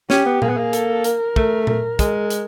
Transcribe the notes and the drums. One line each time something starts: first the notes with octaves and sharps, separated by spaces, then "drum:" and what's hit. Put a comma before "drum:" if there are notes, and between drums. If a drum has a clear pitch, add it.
C#4 G4, drum: snare
B3
A#3 G#4, drum: tom A#2
B3
A#3
A4, drum: hi-hat
A#4, drum: hi-hat
A3, drum: kick
A#4, drum: tom A#2
G#3, drum: kick, hi-hat
drum: hi-hat